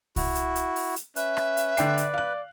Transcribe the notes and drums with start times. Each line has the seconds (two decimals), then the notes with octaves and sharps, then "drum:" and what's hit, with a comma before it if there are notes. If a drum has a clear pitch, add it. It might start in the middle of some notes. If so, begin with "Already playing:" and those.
0.16 E4 F#4, drum: kick C2, open hi-hat
0.35 drum: hi-hat
0.55 drum: hi-hat
0.76 drum: open hi-hat
0.96 drum: hi-hat
1.16 C#4 B4 E5, drum: hi-hat
1.37 drum: rim click
1.57 drum: hi-hat
1.77 D3 D5 G5 C7, drum: hi-hat
1.98 drum: hi-hat
2.14 F5 F#6